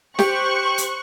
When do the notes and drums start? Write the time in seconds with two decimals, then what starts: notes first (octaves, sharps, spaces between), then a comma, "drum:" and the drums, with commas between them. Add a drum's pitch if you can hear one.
0.19 G4 C5 C#6 F#6, drum: snare
0.78 drum: hi-hat